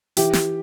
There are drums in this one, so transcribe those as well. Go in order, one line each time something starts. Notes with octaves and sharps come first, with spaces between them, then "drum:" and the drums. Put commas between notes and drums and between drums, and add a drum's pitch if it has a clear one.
E3 G4, drum: hi-hat
drum: snare